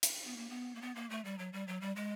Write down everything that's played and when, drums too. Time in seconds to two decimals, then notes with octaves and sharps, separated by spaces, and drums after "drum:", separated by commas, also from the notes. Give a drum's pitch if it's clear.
0.03 drum: hi-hat
0.25 B3
0.37 A#3
0.50 B3
0.75 A#3
0.82 B3
0.95 A#3
1.10 A3
1.25 G3
1.39 F#3
1.53 G3
1.68 F#3
1.81 G3
1.96 G#3